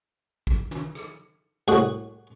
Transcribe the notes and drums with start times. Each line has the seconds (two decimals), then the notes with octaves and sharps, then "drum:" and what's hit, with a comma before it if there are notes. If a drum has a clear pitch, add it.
0.47 drum: kick
0.71 drum: tom
0.95 drum: rim click
1.68 C2 A2 F#4 D#6